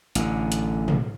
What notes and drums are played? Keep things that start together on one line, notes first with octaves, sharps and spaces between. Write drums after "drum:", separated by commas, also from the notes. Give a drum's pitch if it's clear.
A1 D3, drum: hi-hat
drum: hi-hat
drum: tom